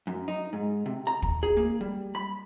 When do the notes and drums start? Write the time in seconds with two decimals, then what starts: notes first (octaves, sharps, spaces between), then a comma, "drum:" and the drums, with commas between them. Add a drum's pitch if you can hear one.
0.07 F#2
0.28 D#4
0.53 G#2
0.86 C3
1.07 A#5
1.22 drum: kick
1.43 G#4
1.57 A#3
1.81 G3
2.15 B5